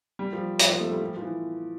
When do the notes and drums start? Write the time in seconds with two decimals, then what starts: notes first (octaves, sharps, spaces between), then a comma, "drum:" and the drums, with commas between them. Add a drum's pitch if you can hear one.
0.19 G3
0.33 F3
0.59 F3, drum: hi-hat
0.70 F3
0.81 A3
0.91 G3
1.01 F3
1.17 F3
1.21 E3